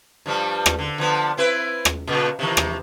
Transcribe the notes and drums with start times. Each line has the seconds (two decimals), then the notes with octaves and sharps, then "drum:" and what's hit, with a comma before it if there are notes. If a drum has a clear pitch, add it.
0.26 G2 F3 G3
0.66 drum: rim click
0.79 D3
0.98 D3 F3 B3
1.37 C4 E4 B4
1.85 drum: rim click
2.07 A#2 C#3 F#3
2.39 C3 D#3 E3
2.57 drum: rim click